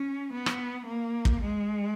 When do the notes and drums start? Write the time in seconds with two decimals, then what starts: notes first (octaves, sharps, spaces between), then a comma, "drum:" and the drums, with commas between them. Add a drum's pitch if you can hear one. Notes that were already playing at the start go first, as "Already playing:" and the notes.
Already playing: C#4
0.32 B3
0.46 drum: rim click
0.85 A#3
1.25 drum: kick
1.40 G#3